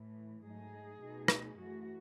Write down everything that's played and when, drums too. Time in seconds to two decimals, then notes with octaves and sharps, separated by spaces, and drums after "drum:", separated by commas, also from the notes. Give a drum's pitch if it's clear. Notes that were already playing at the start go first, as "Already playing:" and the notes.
Already playing: A2 E3 A3
0.42 G#2 F#3 A3 D#4 G#4
0.99 B2 A3 D#4
1.28 drum: rim click
1.57 F#2 E3 A3 F#4